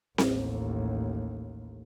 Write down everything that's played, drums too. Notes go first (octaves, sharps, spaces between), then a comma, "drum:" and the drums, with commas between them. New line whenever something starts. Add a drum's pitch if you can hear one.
A1 D#2, drum: snare C4